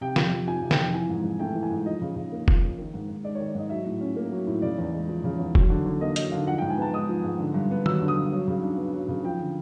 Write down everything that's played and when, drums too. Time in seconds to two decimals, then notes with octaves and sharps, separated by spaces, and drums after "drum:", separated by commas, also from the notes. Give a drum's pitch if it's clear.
0.01 C3 G5
0.16 F2, drum: snare
0.31 F2
0.47 F3 G#5
0.62 C3
0.71 G5, drum: snare
0.78 F2
0.93 E3 G#5
1.09 G#2
1.24 G#2
1.39 A3 G5
1.55 E3
1.63 G#5
1.71 G#2
1.86 F3 D#5
2.02 C#3
2.16 C#3
2.32 A#3
2.48 F3, drum: kick
2.62 C#3
2.78 D#3
2.94 G#2
3.09 G#2
3.24 G#3 D5
3.35 C#5
3.40 D#3
3.48 D5
3.55 G#2 D#5
3.70 F#3 E5
3.86 A2
4.01 C#4
4.16 A#3
4.32 F#3
4.47 A2
4.62 C#3 D5
4.78 E2
4.94 G#3
5.09 F3
5.24 C#3
5.39 E2
5.55 F#3, drum: kick
5.70 D3
5.86 D3
6.01 A#3 D#5
6.16 F#3 D#5, drum: hi-hat
6.32 D3 F5
6.47 F3 F#5
6.58 G5
6.62 G#2
6.70 G#5
6.78 B3 A5
6.93 G#3 D#6
7.09 F3
7.24 G#2
7.39 D3
7.54 G2
7.71 B3
7.86 F#3 E6, drum: tom D#3
8.02 D3
8.08 D#6
8.17 G2
8.32 F#3
8.48 C#3
8.63 D4
8.77 B3
8.94 F#3
9.09 C#3
9.24 F3 G5
9.39 D3